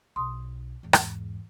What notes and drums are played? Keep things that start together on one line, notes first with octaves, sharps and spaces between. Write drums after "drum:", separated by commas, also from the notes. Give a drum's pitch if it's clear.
B1 C6 D#6
E2 G#2
drum: rim click